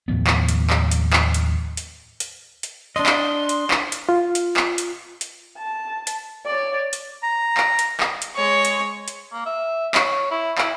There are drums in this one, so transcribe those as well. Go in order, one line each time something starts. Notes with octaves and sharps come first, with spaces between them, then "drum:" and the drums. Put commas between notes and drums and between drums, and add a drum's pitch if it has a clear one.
D#2 A2 F3 B3
drum: clap
drum: hi-hat
drum: clap
drum: hi-hat
drum: clap
drum: hi-hat
drum: hi-hat
drum: hi-hat
drum: hi-hat
D4 D#5 C6
drum: clap
drum: hi-hat
drum: clap
drum: hi-hat
F4
drum: hi-hat
drum: clap
drum: hi-hat
drum: hi-hat
A5
drum: hi-hat
C#5 D5
drum: hi-hat
A#5
drum: clap
drum: hi-hat
drum: clap
drum: hi-hat
G#3 C#5
drum: hi-hat
drum: hi-hat
A#3
E5
C#5, drum: clap
E4
E4, drum: clap